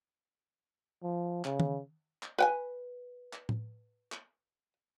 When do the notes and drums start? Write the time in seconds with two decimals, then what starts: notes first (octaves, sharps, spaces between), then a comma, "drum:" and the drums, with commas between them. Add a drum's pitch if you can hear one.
1.03 F3
1.45 C#3, drum: clap
1.60 drum: tom D#3
2.23 drum: clap
2.38 B4 G5 G#5
3.33 drum: clap
3.49 drum: tom A2
4.12 drum: clap